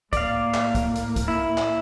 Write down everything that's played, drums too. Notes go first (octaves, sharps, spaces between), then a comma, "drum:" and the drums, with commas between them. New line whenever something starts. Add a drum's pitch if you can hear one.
A2 A#3 D5 F5, drum: kick, hi-hat
drum: clap
drum: kick, hi-hat
drum: hi-hat
drum: kick, hi-hat
E4
drum: clap